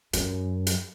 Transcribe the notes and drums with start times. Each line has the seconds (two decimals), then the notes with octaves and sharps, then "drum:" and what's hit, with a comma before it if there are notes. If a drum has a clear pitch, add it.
0.13 F#2, drum: hi-hat
0.67 drum: hi-hat